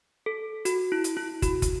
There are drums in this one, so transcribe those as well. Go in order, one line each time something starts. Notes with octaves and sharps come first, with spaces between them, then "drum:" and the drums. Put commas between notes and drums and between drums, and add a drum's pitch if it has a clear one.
A4
F#4, drum: hi-hat
E4
drum: hi-hat
E4
F#4, drum: kick, hi-hat
drum: kick, hi-hat